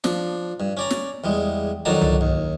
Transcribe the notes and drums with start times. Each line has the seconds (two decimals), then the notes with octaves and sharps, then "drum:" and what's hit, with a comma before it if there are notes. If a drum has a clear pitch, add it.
0.04 F3 D4, drum: snare
0.60 G2
0.77 C#4 D5 A#5
0.90 drum: snare
1.24 E2 G3 G#3
1.85 F2 D#3 F#3 D4 A5 A#5
2.01 drum: tom C2
2.21 D#2